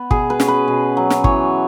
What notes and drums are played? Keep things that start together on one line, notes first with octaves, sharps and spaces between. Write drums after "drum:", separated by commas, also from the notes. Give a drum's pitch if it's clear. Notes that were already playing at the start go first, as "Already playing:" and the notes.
Already playing: B3 B4
B2 G#4, drum: kick
B4
C#4, drum: snare
B4
B2
F#3
drum: snare
E3 C#5, drum: kick